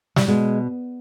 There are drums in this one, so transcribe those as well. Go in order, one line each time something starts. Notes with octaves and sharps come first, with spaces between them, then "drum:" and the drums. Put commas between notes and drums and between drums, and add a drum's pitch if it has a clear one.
G3, drum: snare
B2 G#3